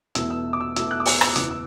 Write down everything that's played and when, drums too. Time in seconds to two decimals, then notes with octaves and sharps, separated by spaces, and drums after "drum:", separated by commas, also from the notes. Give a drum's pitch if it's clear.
0.15 E1 E2 B2 A3 E6, drum: hi-hat
0.30 E6
0.53 D6
0.61 E6
0.76 E1 E2 B2 A3 E6, drum: hi-hat
0.91 F#6
1.00 D6
1.06 E6, drum: open hi-hat
1.21 E6, drum: rim click
1.36 F#1 E2 B2 D6, drum: hi-hat
1.51 E6